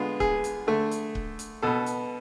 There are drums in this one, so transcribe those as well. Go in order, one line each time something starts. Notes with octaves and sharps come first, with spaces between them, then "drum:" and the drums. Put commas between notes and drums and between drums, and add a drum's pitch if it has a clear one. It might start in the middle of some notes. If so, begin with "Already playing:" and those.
Already playing: D3 G#3 B3 F4
G#4, drum: kick C#1
drum: hi-hat
D3 A3
drum: hi-hat
drum: kick C#1
drum: hi-hat
B2 B3 A4
drum: hi-hat